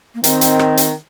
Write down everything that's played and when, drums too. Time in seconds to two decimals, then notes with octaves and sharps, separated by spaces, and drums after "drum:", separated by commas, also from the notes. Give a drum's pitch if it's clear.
0.15 A#3
0.24 D#3 C4, drum: hi-hat
0.41 drum: hi-hat
0.59 drum: rim click
0.77 drum: hi-hat